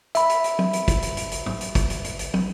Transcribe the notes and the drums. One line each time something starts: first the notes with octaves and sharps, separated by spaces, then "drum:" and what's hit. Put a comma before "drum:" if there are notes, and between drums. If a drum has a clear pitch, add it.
E5 B5, drum: hi-hat
drum: hi-hat
drum: hi-hat
drum: tom
drum: hi-hat
drum: kick, hi-hat
drum: hi-hat
drum: hi-hat
drum: hi-hat
drum: tom
drum: hi-hat
drum: kick, hi-hat
drum: hi-hat
drum: hi-hat
drum: hi-hat
drum: tom